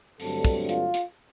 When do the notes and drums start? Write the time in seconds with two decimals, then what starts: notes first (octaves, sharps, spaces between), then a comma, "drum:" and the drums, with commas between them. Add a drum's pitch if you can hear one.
0.20 G2 D3 F#3 A3 C4 A4, drum: open hi-hat
0.45 drum: kick, open hi-hat
0.69 F4, drum: hi-hat
0.94 drum: hi-hat